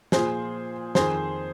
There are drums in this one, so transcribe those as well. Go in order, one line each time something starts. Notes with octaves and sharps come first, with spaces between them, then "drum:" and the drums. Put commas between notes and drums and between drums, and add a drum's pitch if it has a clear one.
A#2 F3 G#4 C5, drum: snare
F2 D#3 G#4 C5, drum: snare